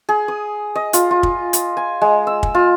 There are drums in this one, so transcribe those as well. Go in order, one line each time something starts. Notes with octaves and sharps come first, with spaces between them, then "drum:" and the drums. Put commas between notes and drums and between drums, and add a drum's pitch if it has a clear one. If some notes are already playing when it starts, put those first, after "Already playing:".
G#4
D#6
D#5
F4, drum: hi-hat
F4
drum: kick
drum: hi-hat
G#5
G#3
E6
drum: kick
F4